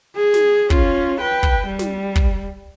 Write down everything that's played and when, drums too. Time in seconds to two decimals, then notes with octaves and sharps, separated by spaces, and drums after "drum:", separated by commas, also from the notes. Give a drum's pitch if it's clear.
0.16 G#4
0.34 drum: snare
0.70 C#4 F4, drum: kick
1.20 B4 G5
1.43 drum: kick
1.66 G3
1.79 drum: snare
2.15 drum: kick